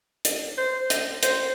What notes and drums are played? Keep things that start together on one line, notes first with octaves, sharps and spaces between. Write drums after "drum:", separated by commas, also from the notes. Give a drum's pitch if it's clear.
drum: hi-hat
C5
drum: hi-hat
C5, drum: hi-hat